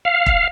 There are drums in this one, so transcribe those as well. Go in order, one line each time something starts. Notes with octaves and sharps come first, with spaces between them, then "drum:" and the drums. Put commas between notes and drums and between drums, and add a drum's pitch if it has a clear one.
F5
drum: kick E1